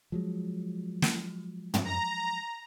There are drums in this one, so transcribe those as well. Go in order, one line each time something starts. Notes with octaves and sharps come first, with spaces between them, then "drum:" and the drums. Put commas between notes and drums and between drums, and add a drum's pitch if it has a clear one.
F3 F#3 G#3
drum: snare
drum: tom
A#5